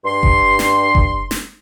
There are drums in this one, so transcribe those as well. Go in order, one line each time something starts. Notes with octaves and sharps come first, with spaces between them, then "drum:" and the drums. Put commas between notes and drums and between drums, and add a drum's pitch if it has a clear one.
G2 C6
drum: kick F#1
drum: snare
drum: kick F#1
drum: snare